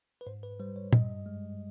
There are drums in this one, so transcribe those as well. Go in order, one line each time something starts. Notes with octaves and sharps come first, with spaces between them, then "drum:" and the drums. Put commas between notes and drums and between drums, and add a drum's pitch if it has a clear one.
B4
G#2 C5
B4
G3 C5
C#5
G2 D#5, drum: tom A#2
G#3